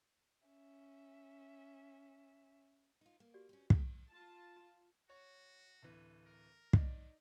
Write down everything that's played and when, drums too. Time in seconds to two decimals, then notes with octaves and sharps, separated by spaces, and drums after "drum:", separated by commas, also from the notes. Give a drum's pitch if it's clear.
0.48 C#4 E5
3.01 D#4 F4
3.20 A#3
3.34 F#4 G4 D5
3.49 C4 C#4
3.70 C#4 G4 A#4 D#6 E6, drum: kick
4.11 F4 A5
5.10 F#4 C#5
5.82 D1 E3
6.26 A#4
6.73 D#4 D5, drum: kick